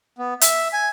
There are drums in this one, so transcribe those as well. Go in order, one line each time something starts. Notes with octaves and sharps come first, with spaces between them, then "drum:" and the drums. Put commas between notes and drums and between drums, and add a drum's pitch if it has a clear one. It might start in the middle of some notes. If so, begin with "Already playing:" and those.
B3
E5, drum: hi-hat
G#5